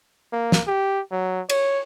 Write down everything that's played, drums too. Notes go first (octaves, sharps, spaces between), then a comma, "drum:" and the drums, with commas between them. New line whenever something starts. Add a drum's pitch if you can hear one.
A#3
drum: snare
G4
F#3
C#5, drum: cymbal